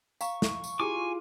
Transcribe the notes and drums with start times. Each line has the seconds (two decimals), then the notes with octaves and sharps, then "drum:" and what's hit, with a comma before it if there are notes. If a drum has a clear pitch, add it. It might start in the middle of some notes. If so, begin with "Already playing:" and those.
0.21 F5 A#5 C#6, drum: tambourine
0.42 drum: snare
0.64 drum: tambourine
0.80 E4 F4 G4 G#4 G#5 D6